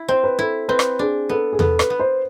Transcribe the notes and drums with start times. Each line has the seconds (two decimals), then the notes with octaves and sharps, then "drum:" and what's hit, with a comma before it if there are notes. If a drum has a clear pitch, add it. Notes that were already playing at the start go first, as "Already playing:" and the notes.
Already playing: E4
0.08 C4 C5
0.24 B4
0.39 E4 A4
0.68 C4 B4
0.79 drum: rim click
0.99 D4 G#4
1.29 B3 A4
1.53 G#4
1.59 B3 A4, drum: tom E2
1.79 B4, drum: rim click
1.90 B3
2.00 C5